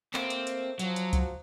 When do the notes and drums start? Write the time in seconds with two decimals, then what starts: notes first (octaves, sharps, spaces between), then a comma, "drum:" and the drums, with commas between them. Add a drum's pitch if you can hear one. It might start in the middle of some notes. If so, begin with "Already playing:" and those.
0.14 A3 A#3 C4, drum: clap
0.30 drum: hi-hat
0.47 drum: hi-hat
0.79 F3 F#3 F#4, drum: hi-hat
0.96 drum: hi-hat
1.13 drum: kick C#2, hi-hat